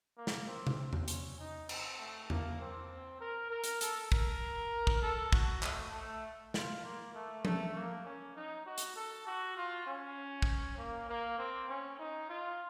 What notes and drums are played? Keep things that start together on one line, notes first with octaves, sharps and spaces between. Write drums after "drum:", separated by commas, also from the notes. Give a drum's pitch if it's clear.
A#3
drum: snare
C4
drum: tom C3
C4
drum: tom E2
C#4, drum: hi-hat
D#4
C4, drum: cymbal
A3
A#3, drum: tom E2
C4
A#4
A#4
drum: hi-hat
A4, drum: hi-hat
A#4, drum: kick
drum: kick
A4
F#4, drum: kick
A3, drum: clap
A3
F4, drum: snare
A#3
A3
A3, drum: tom F3
A#3
C#4
D#4
F#4
drum: hi-hat
A4
F#4
F4
C#4
drum: kick
A#3
A#3
C4
C#4
D#4
F4